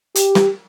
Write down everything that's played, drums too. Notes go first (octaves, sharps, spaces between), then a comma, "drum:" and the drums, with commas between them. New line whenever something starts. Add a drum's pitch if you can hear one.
G4, drum: hi-hat
drum: snare